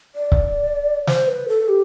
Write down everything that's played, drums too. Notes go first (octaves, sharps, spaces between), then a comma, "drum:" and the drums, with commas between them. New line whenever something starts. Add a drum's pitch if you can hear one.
D5
drum: kick C#1
C5, drum: snare
B4
A4
G4